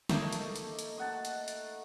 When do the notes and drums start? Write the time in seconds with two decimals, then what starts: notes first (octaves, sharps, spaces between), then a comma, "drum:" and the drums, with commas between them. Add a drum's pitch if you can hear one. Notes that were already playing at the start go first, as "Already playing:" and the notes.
0.09 A3 A#3 D#4, drum: snare
0.33 drum: hi-hat
0.56 drum: hi-hat
0.79 drum: hi-hat
0.98 D#5 F#5 A5
1.25 drum: hi-hat
1.48 drum: hi-hat